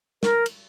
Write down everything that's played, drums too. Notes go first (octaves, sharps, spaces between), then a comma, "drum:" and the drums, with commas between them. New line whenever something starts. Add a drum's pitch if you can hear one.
A#4, drum: snare
drum: cymbal